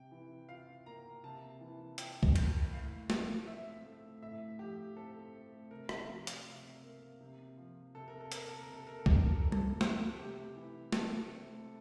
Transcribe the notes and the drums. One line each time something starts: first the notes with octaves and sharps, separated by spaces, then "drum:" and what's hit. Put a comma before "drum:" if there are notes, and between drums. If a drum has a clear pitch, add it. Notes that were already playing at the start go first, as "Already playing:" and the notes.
Already playing: C3 G5
E3
F4 F5
A#3 A#5
C3 A5
E3
F4 G5, drum: hi-hat
drum: kick C2
A#3, drum: cymbal
A2 F5
F3, drum: snare
C4 E5
A3
A2 E5
F3 G4
C4 A4
A3
C3 A#4
E5, drum: rim click
F3
F5, drum: hi-hat
C3
A#3
C3
F3
C3 A4
A#4
A4
A#3 A#4, drum: hi-hat
A4
A#4
C3 A4
A#4
A4
E3, drum: kick C2
A#4
A4
C4 A#4
A4, drum: tom G3
A3, drum: snare
C3 G4
E3
C4 A4, drum: snare
A3